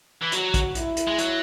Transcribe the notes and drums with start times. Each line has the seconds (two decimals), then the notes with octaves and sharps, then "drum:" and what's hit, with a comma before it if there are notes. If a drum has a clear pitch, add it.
0.22 E3
0.32 F#3 F#4, drum: hi-hat
0.54 drum: kick A#1, hi-hat
0.75 E4, drum: hi-hat
0.97 drum: hi-hat
1.07 G#3
1.18 F#3, drum: hi-hat